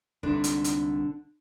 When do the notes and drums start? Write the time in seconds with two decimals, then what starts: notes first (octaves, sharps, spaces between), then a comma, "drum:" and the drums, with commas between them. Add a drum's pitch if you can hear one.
0.23 C2 G#2 D3 D4
0.44 drum: hi-hat
0.64 drum: hi-hat